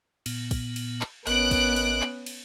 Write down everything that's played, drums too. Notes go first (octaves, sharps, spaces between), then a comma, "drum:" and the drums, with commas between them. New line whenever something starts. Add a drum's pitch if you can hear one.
A#2 B3, drum: cymbal
drum: kick, cymbal
drum: cymbal
drum: clap
A1 B3 C#4 A#4 D#5 F#6 D7, drum: cymbal
drum: kick, cymbal
drum: cymbal
drum: clap
drum: cymbal